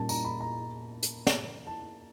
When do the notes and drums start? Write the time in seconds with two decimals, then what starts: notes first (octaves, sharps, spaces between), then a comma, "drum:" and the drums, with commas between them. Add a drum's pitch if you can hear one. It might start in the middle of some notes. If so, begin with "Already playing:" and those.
Already playing: A#2 G3 A#3 C#4 A5
0.09 A#5, drum: tambourine
0.25 B5
0.41 A#5
1.03 drum: hi-hat
1.27 drum: snare
1.67 A5